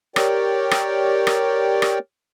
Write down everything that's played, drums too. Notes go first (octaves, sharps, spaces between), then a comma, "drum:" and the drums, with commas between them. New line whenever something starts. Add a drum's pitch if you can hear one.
G4 A#4 C#5 D5 G5, drum: rim click
drum: rim click
drum: rim click
drum: rim click